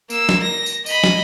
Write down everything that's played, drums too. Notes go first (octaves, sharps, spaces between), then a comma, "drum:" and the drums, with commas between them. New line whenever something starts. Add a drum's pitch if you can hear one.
A#3 E6, drum: tambourine
drum: snare
A#6
drum: tambourine
D#5 B5, drum: tambourine
drum: snare